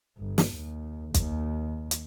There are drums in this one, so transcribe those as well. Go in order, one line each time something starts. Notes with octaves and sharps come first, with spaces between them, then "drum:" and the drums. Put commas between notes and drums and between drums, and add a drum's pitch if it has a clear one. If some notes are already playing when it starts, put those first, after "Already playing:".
G1
drum: snare
D#2
D#2, drum: kick, hi-hat
drum: hi-hat